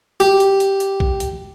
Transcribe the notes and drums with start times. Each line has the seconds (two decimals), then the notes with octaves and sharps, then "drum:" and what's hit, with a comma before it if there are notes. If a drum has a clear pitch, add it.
0.20 G4, drum: hi-hat
0.40 drum: hi-hat
0.60 drum: hi-hat
0.80 drum: hi-hat
1.00 drum: kick A#1
1.20 drum: hi-hat